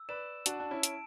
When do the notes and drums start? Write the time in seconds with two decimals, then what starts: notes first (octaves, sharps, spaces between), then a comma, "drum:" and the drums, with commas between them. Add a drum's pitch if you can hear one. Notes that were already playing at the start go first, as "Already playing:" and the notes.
Already playing: E6
0.09 B4 D5 E7
0.46 D4 F#4 A5, drum: hi-hat
0.60 D4
0.71 C#4 E4
0.83 D7, drum: hi-hat